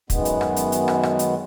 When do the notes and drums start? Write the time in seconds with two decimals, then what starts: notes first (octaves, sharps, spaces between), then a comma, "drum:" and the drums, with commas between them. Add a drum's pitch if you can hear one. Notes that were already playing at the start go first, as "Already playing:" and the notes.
0.10 F#2 D#3 G#3 B3, drum: kick, hi-hat
0.25 drum: hi-hat
0.41 drum: rim click
0.56 drum: hi-hat
0.72 drum: hi-hat
0.88 drum: rim click
1.03 drum: rim click
1.19 drum: hi-hat